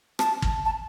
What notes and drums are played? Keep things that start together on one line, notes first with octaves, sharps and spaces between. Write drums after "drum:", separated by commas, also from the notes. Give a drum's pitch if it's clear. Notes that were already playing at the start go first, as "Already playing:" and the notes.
A5, drum: rim click
drum: kick
A5